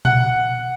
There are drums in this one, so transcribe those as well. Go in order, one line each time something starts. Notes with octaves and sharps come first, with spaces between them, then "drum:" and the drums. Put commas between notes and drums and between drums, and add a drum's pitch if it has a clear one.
F#5, drum: tom A#2